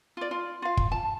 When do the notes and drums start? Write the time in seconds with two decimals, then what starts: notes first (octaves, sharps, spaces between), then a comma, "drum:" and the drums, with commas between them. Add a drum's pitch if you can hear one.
0.17 F4 D5
0.31 F4
0.62 F4 F5
0.77 drum: kick
0.92 A5